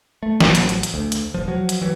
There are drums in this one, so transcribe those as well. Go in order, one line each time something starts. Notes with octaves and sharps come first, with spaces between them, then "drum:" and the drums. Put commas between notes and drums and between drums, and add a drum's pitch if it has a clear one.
A3
A1 F3 F#3, drum: snare
drum: hi-hat
drum: hi-hat
drum: hi-hat
D2
drum: hi-hat
E1 F3
F3 F#3
drum: hi-hat
E3 F#3 G3